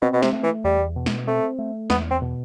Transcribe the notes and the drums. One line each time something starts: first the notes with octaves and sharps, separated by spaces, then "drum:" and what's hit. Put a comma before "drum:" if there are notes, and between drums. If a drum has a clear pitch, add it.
B2 C4
B2
C3, drum: snare
A3
E3
E2 G3
B2
drum: snare
A3 C4
A3
E2 B3, drum: snare
C4
B2